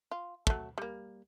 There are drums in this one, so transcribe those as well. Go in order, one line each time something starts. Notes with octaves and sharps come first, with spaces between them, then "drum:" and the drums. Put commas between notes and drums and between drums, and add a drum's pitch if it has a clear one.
F4
F#3 A3, drum: kick
G3 A#3